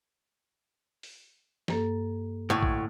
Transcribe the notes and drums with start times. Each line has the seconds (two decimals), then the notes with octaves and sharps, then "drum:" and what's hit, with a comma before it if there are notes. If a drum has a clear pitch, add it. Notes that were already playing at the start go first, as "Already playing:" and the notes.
1.03 drum: open hi-hat
1.68 G2 A#3 A4, drum: snare
2.50 D2 A2
2.63 drum: kick A#1